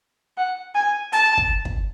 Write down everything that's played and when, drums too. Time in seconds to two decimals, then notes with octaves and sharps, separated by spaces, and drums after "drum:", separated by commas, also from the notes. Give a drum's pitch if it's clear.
0.37 F#5
0.75 G#5
1.12 A5, drum: hi-hat
1.37 drum: kick
1.65 drum: kick